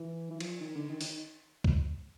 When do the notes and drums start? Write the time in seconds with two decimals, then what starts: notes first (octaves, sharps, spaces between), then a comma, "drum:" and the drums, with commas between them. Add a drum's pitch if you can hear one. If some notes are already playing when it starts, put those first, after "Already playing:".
Already playing: E3
0.30 E3
0.40 F3, drum: cymbal
0.61 D#3
0.75 D3
0.89 D#3
1.01 D#3, drum: open hi-hat
1.64 drum: kick C#2